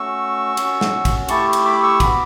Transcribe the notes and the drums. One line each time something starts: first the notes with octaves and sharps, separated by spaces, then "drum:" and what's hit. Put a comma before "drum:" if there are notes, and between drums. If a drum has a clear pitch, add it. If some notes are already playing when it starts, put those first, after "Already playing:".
Already playing: A3 C#4 F#4 C#6 E6
C#4 F#4, drum: cymbal
drum: snare
drum: kick, cymbal
A3 E4 G4 A5 C#6, drum: cymbal
drum: cymbal
B5 D6
C#6 E6
B3 F#4 B5 D6, drum: kick, cymbal